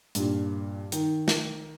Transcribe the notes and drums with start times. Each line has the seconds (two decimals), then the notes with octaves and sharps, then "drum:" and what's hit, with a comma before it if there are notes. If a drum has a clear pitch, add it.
0.15 G2 A#2, drum: hi-hat
0.92 D#3, drum: hi-hat
1.28 drum: snare